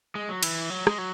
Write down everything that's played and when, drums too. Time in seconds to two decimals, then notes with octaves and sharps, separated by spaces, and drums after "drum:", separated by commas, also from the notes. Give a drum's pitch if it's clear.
0.15 G#3
0.29 F#3
0.43 E3, drum: cymbal
0.70 F#3
0.87 G#3, drum: rim click
0.98 F#3